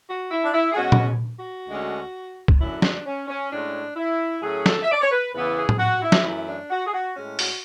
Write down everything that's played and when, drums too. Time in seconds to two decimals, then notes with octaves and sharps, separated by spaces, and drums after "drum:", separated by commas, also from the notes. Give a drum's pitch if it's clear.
0.09 F#4
0.31 E4
0.43 D4
0.54 E4
0.72 G#4
0.76 B2 G#3 C#4 F#4
0.92 drum: tom A#2
1.38 F#4
1.68 D2 D3 G#3 C#4
2.48 drum: kick C#2
2.59 F#2 D3 F#3 A3 C#4 E4
2.82 D4, drum: snare
3.06 C#4
3.28 C#4
3.51 A2 G#3 C#4 D4
3.96 E4
4.42 A2 F#3 A3 C#4 G#4
4.66 A4, drum: snare
4.82 E5
4.92 D5
5.01 C#5
5.11 B4
5.33 E2 C#3 E3 B3 B4
5.57 G#4
5.69 drum: tom A2
5.79 F#4
6.02 E4
6.12 drum: snare
6.25 F#2 E3 A3 E4
6.48 D4
6.71 F#4
6.87 G#4
6.93 F#4
7.17 A2 G#3 C#4
7.39 F#4, drum: open hi-hat